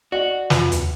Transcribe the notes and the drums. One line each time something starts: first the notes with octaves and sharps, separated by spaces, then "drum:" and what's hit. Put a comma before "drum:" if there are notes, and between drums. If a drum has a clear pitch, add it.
F#4 D5 D#5 F#5
F2 F4 B4, drum: snare
D#2, drum: hi-hat